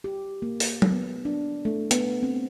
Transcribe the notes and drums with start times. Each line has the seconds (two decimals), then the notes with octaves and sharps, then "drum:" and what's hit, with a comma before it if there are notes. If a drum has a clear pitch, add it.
0.04 G4
0.42 A#3
0.60 drum: open hi-hat
0.82 drum: tom
0.91 B3
1.25 D4
1.65 A3
1.91 B3, drum: hi-hat
2.23 C4